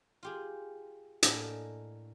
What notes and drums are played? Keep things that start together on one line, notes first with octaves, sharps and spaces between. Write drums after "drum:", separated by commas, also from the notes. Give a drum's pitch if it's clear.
F4 G4 G#4
A2 A#3 D4 D#5 G#5 B5, drum: hi-hat